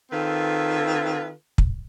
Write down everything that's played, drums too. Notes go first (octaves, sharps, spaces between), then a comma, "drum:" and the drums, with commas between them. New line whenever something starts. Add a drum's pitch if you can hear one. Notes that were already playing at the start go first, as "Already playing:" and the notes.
D#3 C4 F4 A4 B4
drum: kick